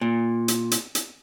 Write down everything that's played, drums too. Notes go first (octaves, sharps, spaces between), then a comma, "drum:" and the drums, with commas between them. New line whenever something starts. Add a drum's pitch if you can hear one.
A#2
drum: hi-hat
drum: hi-hat
drum: hi-hat